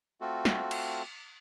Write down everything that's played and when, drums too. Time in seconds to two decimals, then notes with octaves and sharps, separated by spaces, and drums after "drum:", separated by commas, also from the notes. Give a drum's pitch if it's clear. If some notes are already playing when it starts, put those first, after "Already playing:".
0.21 A3 C4 F4 F#4 A4
0.45 drum: snare
0.71 drum: cymbal